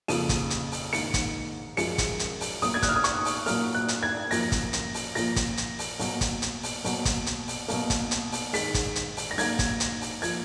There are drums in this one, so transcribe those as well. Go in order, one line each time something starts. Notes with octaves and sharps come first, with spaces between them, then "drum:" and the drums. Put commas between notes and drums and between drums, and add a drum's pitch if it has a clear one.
F2 C#3 F3 A#3 D#7, drum: open hi-hat
drum: kick, hi-hat
drum: hi-hat
drum: open hi-hat
G#2 D#3 A#3 C#7, drum: open hi-hat
drum: kick, hi-hat
F#2 F3 G#3 C#7, drum: open hi-hat
drum: kick, hi-hat
drum: hi-hat
drum: open hi-hat
B2 F#3 A#3 D#6, drum: open hi-hat
G#6
F#6, drum: kick, hi-hat
F6
D#6
C#6, drum: hi-hat
drum: open hi-hat
A#2 F#3 A#3 F6, drum: open hi-hat
F#6
drum: hi-hat
G#6
F#2 F3 A#3 A#6, drum: open hi-hat
drum: kick, hi-hat
drum: hi-hat
drum: open hi-hat
A#2 F3 A#3 A#6, drum: open hi-hat
drum: kick, hi-hat
drum: hi-hat
drum: open hi-hat
B2 F#3 A#3, drum: open hi-hat
drum: kick, hi-hat
drum: hi-hat
drum: open hi-hat
B2 F#3 A#3, drum: open hi-hat
drum: kick, hi-hat
drum: hi-hat
drum: open hi-hat
B2 F#3 A#3, drum: open hi-hat
drum: kick, hi-hat
drum: hi-hat
drum: open hi-hat
G#2 D#3 G#3 B6, drum: open hi-hat
drum: kick, hi-hat
drum: hi-hat
drum: open hi-hat
A#6
G#2 F#3 A#3 G#6, drum: open hi-hat
drum: kick, hi-hat
drum: hi-hat
drum: open hi-hat
F3 A#3 G#6, drum: open hi-hat